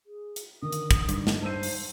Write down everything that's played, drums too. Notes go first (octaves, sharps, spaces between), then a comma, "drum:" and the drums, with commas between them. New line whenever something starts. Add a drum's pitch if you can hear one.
G#4
drum: hi-hat
D3 D#3 A#4 D#6
drum: hi-hat
drum: kick, hi-hat
G2 D#4, drum: hi-hat
drum: snare
C5 A5 E6 D#7
drum: open hi-hat